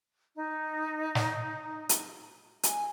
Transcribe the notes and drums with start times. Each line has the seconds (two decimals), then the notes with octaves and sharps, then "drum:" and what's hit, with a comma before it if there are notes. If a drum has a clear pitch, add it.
0.35 D#4
1.15 drum: snare
1.89 drum: hi-hat
2.63 G#5, drum: hi-hat